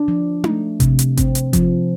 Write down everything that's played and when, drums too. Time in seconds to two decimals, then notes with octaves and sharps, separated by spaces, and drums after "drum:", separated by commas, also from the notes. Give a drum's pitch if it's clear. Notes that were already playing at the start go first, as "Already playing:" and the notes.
Already playing: D4
0.08 F3
0.44 A3, drum: tom D#4
0.80 C3, drum: kick G#1, hi-hat
0.99 drum: hi-hat
1.17 C4, drum: kick G#1, hi-hat
1.35 drum: hi-hat
1.53 F3, drum: kick G#1, hi-hat